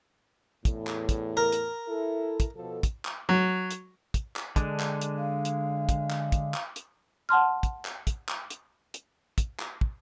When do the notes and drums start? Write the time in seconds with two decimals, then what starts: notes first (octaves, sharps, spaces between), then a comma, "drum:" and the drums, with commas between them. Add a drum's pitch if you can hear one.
0.65 E2 A2, drum: kick, hi-hat
0.87 drum: clap
1.09 drum: kick, hi-hat
1.37 A#4
1.52 drum: hi-hat
1.88 E4 A4
2.40 drum: kick, hi-hat
2.56 B2 F3 A4
2.83 drum: kick, hi-hat
3.05 drum: clap
3.29 F#3
3.71 drum: hi-hat
4.14 drum: kick, hi-hat
4.36 drum: clap
4.56 D3 G#3 D4, drum: kick, hi-hat
4.80 drum: clap
5.01 drum: hi-hat
5.17 F5
5.45 drum: hi-hat
5.89 drum: kick, hi-hat
6.11 drum: clap
6.32 drum: kick, hi-hat
6.54 drum: clap
6.76 drum: hi-hat
7.29 F#5 A5 C6 F6
7.63 drum: kick, hi-hat
7.85 drum: clap
8.07 drum: kick, hi-hat
8.29 drum: clap
8.50 drum: hi-hat
8.94 drum: hi-hat
9.38 drum: kick, hi-hat
9.60 drum: clap
9.81 drum: kick